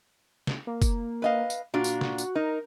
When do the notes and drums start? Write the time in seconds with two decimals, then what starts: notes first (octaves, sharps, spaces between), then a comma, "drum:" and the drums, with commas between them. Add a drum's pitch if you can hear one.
0.47 drum: snare
0.67 A#3
0.82 drum: kick F#1, tambourine
1.22 B4 D#5 F5
1.50 drum: tambourine
1.74 A#2 D4 F4 F#4
1.84 drum: tambourine
2.01 drum: snare
2.18 drum: tambourine
2.35 D#4 A#4